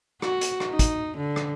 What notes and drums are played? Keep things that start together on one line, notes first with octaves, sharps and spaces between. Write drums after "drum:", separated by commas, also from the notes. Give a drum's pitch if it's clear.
F#4, drum: rim click
drum: hi-hat
drum: rim click
D#4
drum: kick, hi-hat
D3
drum: rim click